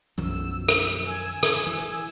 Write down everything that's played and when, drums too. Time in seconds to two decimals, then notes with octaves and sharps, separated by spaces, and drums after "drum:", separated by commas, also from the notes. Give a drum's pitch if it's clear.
0.18 B1 F#2 D#3 F3 E6
0.68 drum: rim click
1.06 G#5 E6
1.43 drum: rim click
1.67 E3